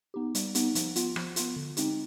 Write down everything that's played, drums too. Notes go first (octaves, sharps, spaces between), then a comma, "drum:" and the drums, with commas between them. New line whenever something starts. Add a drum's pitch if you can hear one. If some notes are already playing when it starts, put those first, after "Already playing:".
B3 D#4 G4
G3, drum: hi-hat
B3 D#4 G4, drum: hi-hat
F3, drum: hi-hat
B3 F4, drum: hi-hat
F3, drum: rim click
B3 F4, drum: hi-hat
D3
G#3 C4 D#4 G4, drum: hi-hat